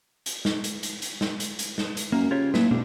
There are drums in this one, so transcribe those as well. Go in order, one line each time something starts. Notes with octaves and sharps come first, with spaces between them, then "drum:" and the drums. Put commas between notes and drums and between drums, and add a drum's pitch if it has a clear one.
drum: hi-hat
drum: snare
drum: hi-hat
drum: hi-hat
drum: hi-hat
drum: snare
drum: hi-hat
drum: hi-hat
drum: snare
drum: hi-hat
F#2 A#3
C#3 F4 G4 C#5
A2 F#3 A#3 B4, drum: snare
E1 B2 C4 D4